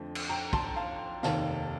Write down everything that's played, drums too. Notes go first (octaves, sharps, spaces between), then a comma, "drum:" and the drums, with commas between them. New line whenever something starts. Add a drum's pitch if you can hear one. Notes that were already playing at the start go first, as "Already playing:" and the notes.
Already playing: F2 D3 F3 A3 C5
drum: cymbal
G5 A#5
A5 C6, drum: kick
F5 A5
F1 D#2 D#3 F5 A5, drum: snare